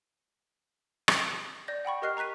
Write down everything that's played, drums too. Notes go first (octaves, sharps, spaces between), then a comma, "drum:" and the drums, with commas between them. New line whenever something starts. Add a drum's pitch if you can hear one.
drum: rim click
D5 G6 A#6
F#5 G5 B5 C#6
G4 A#4 D#5 F6 F#6 C7
A#5 C#6 F#6 B6 D#7